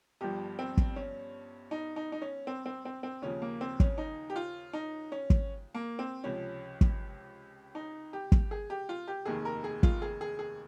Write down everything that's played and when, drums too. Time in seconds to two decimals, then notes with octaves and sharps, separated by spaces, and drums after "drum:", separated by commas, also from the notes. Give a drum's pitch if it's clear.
0.21 G1 G2 F3 G4
0.59 C4
0.77 drum: kick
0.96 C#4
1.71 D#4
1.96 D#4
2.12 D#4
2.22 C#4
2.47 C4
2.66 C4
2.85 C4
3.03 C4
3.22 D#2 C#3 F3 C#4
3.42 A#3
3.61 C4
3.80 C#4, drum: kick
3.98 D#4
4.30 G4
4.36 F4
4.73 D#4
5.12 C#4
5.30 drum: kick
5.74 A#3
5.99 C4
6.24 C#2 C3 F3 C#4
6.81 drum: kick
7.75 D#4
8.13 G4
8.32 drum: kick
8.51 G#4
8.70 G4
8.89 F4
9.08 G4
9.25 F1 D#2 D#3 G#4
9.45 A#4
9.64 G#4
9.83 F4, drum: kick
10.02 G#4
10.21 G#4
10.39 G#4